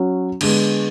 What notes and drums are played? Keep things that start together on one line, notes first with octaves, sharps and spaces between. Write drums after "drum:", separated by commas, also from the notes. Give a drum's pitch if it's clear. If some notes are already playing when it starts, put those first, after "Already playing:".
Already playing: F#3 C#4 F#4
D3 G#3 B3, drum: cymbal